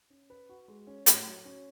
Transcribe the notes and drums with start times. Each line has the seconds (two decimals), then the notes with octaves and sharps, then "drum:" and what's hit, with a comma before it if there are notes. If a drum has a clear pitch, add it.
0.10 C#4
0.30 B4
0.49 F#4
0.68 G#3
0.87 C#4
1.06 A2, drum: hi-hat
1.26 F#3
1.45 C#4